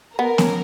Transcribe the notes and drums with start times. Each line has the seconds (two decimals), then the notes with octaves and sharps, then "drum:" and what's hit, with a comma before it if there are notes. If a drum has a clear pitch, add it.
0.19 B3 A#4
0.38 C#4, drum: snare B3